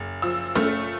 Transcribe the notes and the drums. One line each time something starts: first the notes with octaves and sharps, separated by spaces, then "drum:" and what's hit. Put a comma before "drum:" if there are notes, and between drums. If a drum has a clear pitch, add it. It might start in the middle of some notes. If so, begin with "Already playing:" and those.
Already playing: F#1
F3 E6
A3 F6, drum: snare C#4